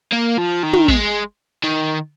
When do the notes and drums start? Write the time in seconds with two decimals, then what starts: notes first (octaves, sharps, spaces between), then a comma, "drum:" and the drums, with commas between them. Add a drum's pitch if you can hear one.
0.13 A#3
0.38 F3
0.63 D#3
0.73 drum: tom
0.88 G#3, drum: kick
1.64 D#3